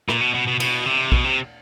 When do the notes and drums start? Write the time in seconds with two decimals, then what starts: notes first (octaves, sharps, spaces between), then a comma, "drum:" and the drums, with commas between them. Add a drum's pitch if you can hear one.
0.09 A#2, drum: rim click
0.21 B2
0.34 B2
0.47 B2
0.60 B2, drum: cymbal
0.86 C3
1.12 B2, drum: kick
1.24 C3